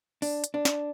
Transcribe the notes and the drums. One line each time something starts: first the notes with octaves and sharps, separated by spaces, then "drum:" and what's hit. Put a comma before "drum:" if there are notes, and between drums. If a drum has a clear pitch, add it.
D4, drum: open hi-hat
drum: hi-hat
D4
drum: snare